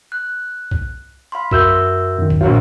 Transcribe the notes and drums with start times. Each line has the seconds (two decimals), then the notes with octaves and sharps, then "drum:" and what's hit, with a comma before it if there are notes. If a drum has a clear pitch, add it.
0.12 F#6
0.71 drum: kick B1
1.32 F5 B5 C6
1.51 F#2 F#4 A#4 E5 E6 G6, drum: kick B1
2.18 F#2 D#3
2.30 drum: kick B1
2.41 A#1 F#3 F4